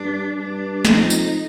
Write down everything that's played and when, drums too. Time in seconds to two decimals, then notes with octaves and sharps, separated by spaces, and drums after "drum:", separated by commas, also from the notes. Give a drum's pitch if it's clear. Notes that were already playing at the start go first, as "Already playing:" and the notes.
Already playing: G2 D4
0.39 G2 D4
0.85 F2 D#4, drum: snare
1.10 drum: tambourine